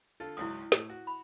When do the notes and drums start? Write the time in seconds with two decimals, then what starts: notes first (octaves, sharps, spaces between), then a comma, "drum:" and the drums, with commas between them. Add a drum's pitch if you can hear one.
0.20 D3 F4 A4
0.37 G#1 C#2 F#3 E4 D5 D#6
0.72 A2, drum: snare
0.90 F#4
1.07 B5